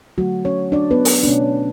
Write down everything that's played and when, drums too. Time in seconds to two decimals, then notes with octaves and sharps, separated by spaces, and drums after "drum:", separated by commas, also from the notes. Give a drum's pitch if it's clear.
0.18 D3 F#3 A3 F#4
0.45 C#4 C#5
0.72 D4 D5
0.91 B3 B4
1.05 drum: open hi-hat
1.23 D4
1.27 B2 A3 C#4